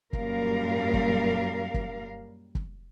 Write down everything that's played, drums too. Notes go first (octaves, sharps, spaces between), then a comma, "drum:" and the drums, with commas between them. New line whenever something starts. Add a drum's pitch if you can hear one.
F#2 A#2 G3 A#4 F5, drum: kick
drum: kick
drum: kick
drum: kick